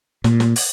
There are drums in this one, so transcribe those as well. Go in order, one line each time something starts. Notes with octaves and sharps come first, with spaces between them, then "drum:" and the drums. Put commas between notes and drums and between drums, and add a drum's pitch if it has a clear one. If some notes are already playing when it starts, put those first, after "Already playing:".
A#2, drum: snare
drum: snare
drum: open hi-hat